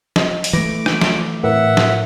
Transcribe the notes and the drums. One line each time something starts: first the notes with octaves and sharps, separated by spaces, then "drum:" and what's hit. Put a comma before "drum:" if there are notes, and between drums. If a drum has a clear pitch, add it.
D#5, drum: snare
drum: open hi-hat
E3 A3 D6 A#6
drum: rim click
drum: snare
A2 A#4 B4 E5 F#5
drum: snare